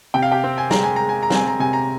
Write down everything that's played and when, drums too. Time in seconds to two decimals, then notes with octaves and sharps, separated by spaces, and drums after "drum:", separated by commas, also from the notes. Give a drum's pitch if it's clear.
0.14 C3 G5
0.22 F5
0.31 G4 G5
0.44 C4
0.58 G#5
0.71 G#3 A#5, drum: snare
0.83 G#5
0.96 G#3 A#5
1.09 G#5
1.23 A#5
1.30 C4 G#5, drum: snare
1.47 A#5
1.59 C3 G#5
1.73 A#5